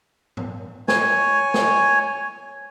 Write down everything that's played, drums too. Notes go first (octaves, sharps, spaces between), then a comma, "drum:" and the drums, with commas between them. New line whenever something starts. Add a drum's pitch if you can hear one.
drum: tom G#2
C#5 G#5, drum: snare
drum: snare